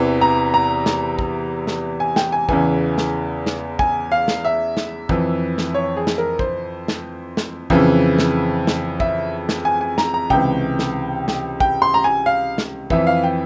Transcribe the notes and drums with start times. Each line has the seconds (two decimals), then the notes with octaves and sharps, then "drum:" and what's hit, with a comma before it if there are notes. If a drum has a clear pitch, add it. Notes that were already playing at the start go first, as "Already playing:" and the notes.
Already playing: E2 C3 E3
0.21 A#5
0.54 A#5
0.86 drum: snare
1.19 drum: kick
1.67 drum: snare
2.00 G#5
2.16 G5, drum: snare
2.32 G#5
2.49 E2 C#3 E3 G#5, drum: kick
2.98 drum: snare
3.47 drum: snare
3.79 G#5, drum: kick
4.12 F5
4.28 drum: snare
4.45 E5
4.77 drum: snare
5.09 F2 E3, drum: kick
5.58 drum: snare
5.74 C#5
5.97 G#4
6.07 drum: snare
6.18 A#4
6.39 C5, drum: kick
6.88 drum: snare
7.37 drum: snare
7.70 F2 C#3 E3, drum: kick
8.19 drum: snare
8.67 drum: snare
9.00 E5, drum: kick
9.49 drum: snare
9.65 G#5
9.81 G#5
9.98 A#5, drum: snare
10.14 A#5
10.30 C#2 C3 E3 G5, drum: kick
10.79 drum: snare
11.28 drum: snare
11.60 G5, drum: kick
11.82 C6
11.94 A#5
12.04 G#5
12.26 F5
12.58 drum: snare
12.90 F2 E3 E5, drum: kick
13.07 F5
13.23 G5